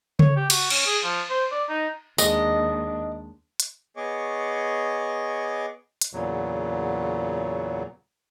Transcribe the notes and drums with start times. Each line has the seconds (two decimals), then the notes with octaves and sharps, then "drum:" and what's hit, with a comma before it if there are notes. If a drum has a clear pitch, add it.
0.19 C#5, drum: tom C#3
0.36 G4
0.50 F#4, drum: cymbal
0.70 C#4, drum: cymbal
0.86 G#4
1.03 F3
1.30 C5
1.51 D5
1.69 D#4
2.18 D#2 G#3 D4 D#5, drum: tambourine
3.60 drum: hi-hat
3.96 B3 G#4 C#5 D#5 C#6 D6
6.02 drum: hi-hat
6.13 E2 A#2 C#3 F#3